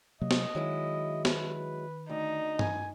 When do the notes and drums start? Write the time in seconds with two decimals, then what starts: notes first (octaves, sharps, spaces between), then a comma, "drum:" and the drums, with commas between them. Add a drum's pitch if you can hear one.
0.21 C3 F#3 A#3 D#5
0.31 drum: snare
0.55 D#3 F#3 G#3 E4
1.25 B4, drum: snare
2.09 D2 D#4
2.59 G#5, drum: tom G2